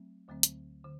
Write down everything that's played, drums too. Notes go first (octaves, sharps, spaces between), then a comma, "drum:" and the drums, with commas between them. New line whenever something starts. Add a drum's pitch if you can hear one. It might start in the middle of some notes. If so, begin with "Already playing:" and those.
Already playing: F#3 A3 C4
D2 D3 F#3 A3 C4
drum: hi-hat
D3